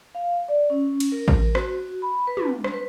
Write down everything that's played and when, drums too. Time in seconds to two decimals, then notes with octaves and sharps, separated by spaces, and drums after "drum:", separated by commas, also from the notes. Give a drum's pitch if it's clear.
0.15 F5
0.48 D5
0.70 C#4
1.00 drum: cymbal
1.12 A#4
1.28 drum: kick A1
1.55 F#4, drum: rim click
2.02 B5
2.27 B4
2.37 drum: tom
2.50 D4
2.64 drum: rim click
2.74 B4